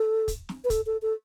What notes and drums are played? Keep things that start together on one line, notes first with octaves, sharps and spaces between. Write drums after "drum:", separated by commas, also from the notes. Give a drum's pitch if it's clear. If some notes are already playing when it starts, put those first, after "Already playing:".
Already playing: A4
drum: kick, hi-hat
drum: snare
B4
A4, drum: kick, hi-hat
A4
A4